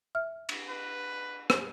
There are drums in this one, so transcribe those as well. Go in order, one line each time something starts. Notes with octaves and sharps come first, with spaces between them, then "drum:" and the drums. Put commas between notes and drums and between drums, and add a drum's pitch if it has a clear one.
E5 F6
drum: cymbal
B4
drum: rim click